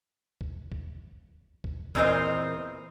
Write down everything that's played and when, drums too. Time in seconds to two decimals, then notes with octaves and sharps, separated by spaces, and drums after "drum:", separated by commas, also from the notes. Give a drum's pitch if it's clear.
0.41 drum: kick
0.72 drum: kick
1.64 drum: kick
1.95 E2 A#2 C4 A#4 C5 D#5, drum: kick